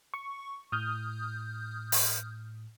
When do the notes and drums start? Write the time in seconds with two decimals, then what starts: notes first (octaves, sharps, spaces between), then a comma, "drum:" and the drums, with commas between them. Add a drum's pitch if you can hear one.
0.14 C#6
0.72 A2 D#6 F6 G6
1.92 drum: open hi-hat